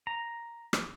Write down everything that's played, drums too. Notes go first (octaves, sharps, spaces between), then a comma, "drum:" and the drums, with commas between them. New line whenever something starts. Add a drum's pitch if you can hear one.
A#5
drum: rim click